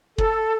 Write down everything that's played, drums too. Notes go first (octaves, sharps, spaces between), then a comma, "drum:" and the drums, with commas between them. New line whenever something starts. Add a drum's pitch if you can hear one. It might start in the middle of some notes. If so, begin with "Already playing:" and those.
A4, drum: kick